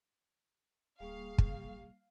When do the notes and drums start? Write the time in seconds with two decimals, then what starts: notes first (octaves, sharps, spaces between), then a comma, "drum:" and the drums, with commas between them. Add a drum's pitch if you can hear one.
1.00 D1 G3 A#3 G#4 F5 C#6
1.38 drum: kick